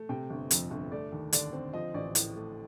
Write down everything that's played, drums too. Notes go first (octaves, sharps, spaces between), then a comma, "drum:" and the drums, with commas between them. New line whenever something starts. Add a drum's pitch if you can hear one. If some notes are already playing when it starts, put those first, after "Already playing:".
Already playing: A3
C3 G5
G1
F2, drum: hi-hat
G1
A3 D5
D#2
D3 D5, drum: hi-hat
C4
F3 D#5
A1 D5
A2, drum: hi-hat
A3